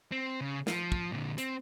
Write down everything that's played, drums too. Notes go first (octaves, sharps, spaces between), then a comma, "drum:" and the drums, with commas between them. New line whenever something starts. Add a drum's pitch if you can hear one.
C4
C#3
F3, drum: snare
drum: kick
A#2 D3
C4, drum: hi-hat